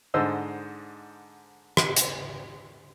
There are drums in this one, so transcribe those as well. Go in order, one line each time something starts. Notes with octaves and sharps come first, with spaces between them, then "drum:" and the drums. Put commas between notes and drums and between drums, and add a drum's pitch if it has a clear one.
G#2 D3 C5 D#5 E6
drum: rim click
drum: hi-hat